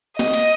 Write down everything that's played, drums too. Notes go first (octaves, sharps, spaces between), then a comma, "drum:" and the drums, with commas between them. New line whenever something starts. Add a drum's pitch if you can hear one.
D#5, drum: snare A#3
drum: cymbal